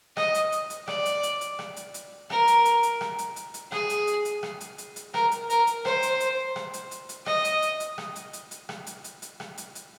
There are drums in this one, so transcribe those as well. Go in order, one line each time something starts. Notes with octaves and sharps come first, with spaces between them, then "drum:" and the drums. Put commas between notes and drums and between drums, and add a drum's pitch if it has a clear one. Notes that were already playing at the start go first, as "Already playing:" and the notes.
D#5, drum: rim click
drum: hi-hat
drum: hi-hat
drum: hi-hat
D5, drum: rim click
drum: hi-hat
drum: hi-hat
drum: hi-hat
drum: rim click
drum: hi-hat
drum: hi-hat
A#4, drum: rim click
drum: hi-hat
drum: hi-hat
drum: hi-hat
drum: rim click
drum: hi-hat
drum: hi-hat
drum: hi-hat
G#4, drum: rim click
drum: hi-hat
drum: hi-hat
drum: hi-hat
drum: rim click
drum: hi-hat
drum: hi-hat
drum: hi-hat
A#4, drum: rim click
drum: hi-hat
A#4, drum: hi-hat
drum: hi-hat
C5, drum: rim click
drum: hi-hat
drum: hi-hat
drum: rim click
drum: hi-hat
drum: hi-hat
drum: hi-hat
D#5, drum: rim click
drum: hi-hat
drum: hi-hat
drum: hi-hat
drum: rim click
drum: hi-hat
drum: hi-hat
drum: hi-hat
drum: rim click
drum: hi-hat
drum: hi-hat
drum: hi-hat
drum: rim click
drum: hi-hat
drum: hi-hat